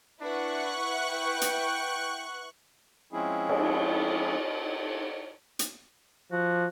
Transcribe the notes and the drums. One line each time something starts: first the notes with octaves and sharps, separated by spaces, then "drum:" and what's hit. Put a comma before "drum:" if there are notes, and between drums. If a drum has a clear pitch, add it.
D4 E4 B4 F#5 C#6 F#6
G5
drum: hi-hat
F3 G#3 C4 C#4 E4 G#4
drum: cymbal
drum: hi-hat
F3 F#4